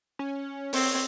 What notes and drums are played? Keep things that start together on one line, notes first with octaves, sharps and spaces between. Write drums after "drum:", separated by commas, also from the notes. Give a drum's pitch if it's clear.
C#4
C4 C#5, drum: open hi-hat